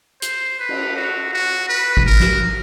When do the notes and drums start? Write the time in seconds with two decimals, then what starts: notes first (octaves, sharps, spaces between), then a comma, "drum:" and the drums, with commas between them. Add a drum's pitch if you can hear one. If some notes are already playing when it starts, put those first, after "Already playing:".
0.22 C5, drum: hi-hat
0.59 B4
0.69 drum: cymbal
0.96 F#4
1.33 F#4
1.69 B4
1.97 drum: kick
2.06 A#4
2.20 drum: snare